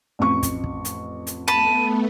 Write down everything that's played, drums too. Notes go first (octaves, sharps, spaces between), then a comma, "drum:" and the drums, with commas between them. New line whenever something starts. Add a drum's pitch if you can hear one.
A1 F2 C#6
drum: kick, hi-hat
drum: kick
drum: hi-hat
drum: hi-hat
A3 B3 A5 B5 D#7